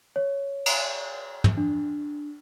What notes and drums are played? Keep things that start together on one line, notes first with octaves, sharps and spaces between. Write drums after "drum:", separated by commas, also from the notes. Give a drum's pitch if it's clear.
C#5
drum: cymbal
drum: tom
D4